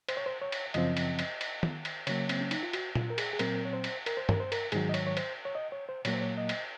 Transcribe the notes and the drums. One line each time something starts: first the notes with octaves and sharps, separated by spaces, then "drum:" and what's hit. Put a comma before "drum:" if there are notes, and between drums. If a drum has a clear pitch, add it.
C5, drum: cymbal
C#5
C5
C#5
drum: cymbal
F#2 C#3 F3 C4 D#5, drum: cymbal
drum: cymbal
drum: cymbal
drum: cymbal
drum: tom D#3
drum: cymbal
C#3 F#3 A#3 C#5, drum: cymbal
C4, drum: cymbal
C#4
D#4, drum: cymbal
F4
F#4, drum: cymbal
F4, drum: tom A#2
A#4
G#4, drum: cymbal
G#4
A#2 F#3 C4 A#4, drum: cymbal
C#5
C5
drum: cymbal
A#4, drum: cymbal
C5
A#4, drum: tom
C5
A#4, drum: cymbal
G#2 D#3 F#3 G#4, drum: cymbal
D#5
C#5, drum: cymbal
C#5
C5, drum: cymbal
C#5
D#5
C#5
C5
A#2 F#3 A#3 C#5, drum: cymbal
C5
C#5
D#5
drum: cymbal